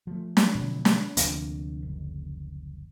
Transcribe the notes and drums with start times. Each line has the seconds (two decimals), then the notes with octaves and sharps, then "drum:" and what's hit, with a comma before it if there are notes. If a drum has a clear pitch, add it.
0.07 F3 A3
0.37 drum: snare
0.55 B2 D3 F#3
0.85 drum: snare
1.17 D2 C3 F3 A#3 D4, drum: hi-hat
1.83 F#1